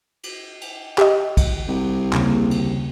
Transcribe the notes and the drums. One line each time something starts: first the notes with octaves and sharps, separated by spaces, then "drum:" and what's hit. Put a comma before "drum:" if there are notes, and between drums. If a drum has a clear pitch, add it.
drum: cymbal
drum: cymbal
G4 D#5, drum: clap
drum: kick A#1, cymbal
C2
D#2 C#3, drum: clap
drum: cymbal